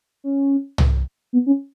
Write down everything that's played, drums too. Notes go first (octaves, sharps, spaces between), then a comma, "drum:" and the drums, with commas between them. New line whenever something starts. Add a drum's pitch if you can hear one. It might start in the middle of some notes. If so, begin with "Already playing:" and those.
C#4
drum: tom
B3
C#4